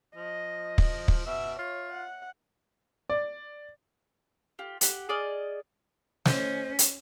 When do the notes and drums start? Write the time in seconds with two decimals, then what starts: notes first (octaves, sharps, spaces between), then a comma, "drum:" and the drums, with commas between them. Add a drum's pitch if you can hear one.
0.16 F3 D#5
0.78 drum: kick
1.08 drum: kick
1.26 B2 E5
1.59 F4 C#5
1.92 F#5
3.10 D5
4.59 F4 G4
4.81 G4 F#5, drum: hi-hat
5.09 G#4 D5 D#5 F6
6.25 C#4 C5 D#5, drum: snare
6.79 drum: hi-hat